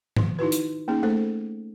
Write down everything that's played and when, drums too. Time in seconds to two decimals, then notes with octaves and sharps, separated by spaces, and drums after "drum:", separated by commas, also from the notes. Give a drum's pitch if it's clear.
0.17 D#3 C6, drum: tom G#2
0.39 D#4 E4 F#4 B4
0.52 drum: hi-hat
0.88 A#3 C#4 D#4 G#4
1.03 A3 A4 C5